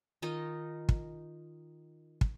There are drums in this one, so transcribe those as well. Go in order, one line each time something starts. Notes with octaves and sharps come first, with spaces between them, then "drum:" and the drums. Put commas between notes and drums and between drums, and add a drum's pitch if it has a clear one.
D#3 D#4 F4 D#5
drum: kick
drum: kick